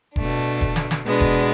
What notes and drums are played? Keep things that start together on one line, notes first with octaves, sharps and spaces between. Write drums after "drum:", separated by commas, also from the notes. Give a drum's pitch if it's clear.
B2 A3 D4, drum: kick E1
drum: kick E1
drum: snare
drum: snare
B2 G#3 B3 D4
drum: kick E1